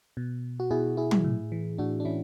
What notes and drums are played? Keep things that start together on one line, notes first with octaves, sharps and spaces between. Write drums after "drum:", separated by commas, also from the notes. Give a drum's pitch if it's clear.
B2
F#4
B2 E4 G#4
E4 G#4
drum: tom
A2
E3
A2 D4 F#4
D4
E3 C#4 E4